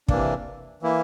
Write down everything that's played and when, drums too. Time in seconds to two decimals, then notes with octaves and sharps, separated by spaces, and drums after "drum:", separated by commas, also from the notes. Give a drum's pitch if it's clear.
0.08 C3 E3 A#3 D4, drum: kick
0.83 E3 A#3 E4